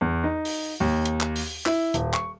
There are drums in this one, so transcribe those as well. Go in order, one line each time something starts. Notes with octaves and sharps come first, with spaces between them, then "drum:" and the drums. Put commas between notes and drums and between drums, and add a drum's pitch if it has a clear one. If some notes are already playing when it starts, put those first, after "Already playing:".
E2
D#4
drum: open hi-hat
D#2
drum: hi-hat
drum: clap
drum: open hi-hat
E4, drum: clap
D#1, drum: hi-hat
C#6, drum: clap